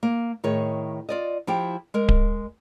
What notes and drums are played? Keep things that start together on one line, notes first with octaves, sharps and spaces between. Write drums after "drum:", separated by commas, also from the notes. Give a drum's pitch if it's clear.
A#3
A2 D#3 G#4 C#5
F4 D5 D#5
F3 E4 G4 G5
G#3 A#4
drum: kick D1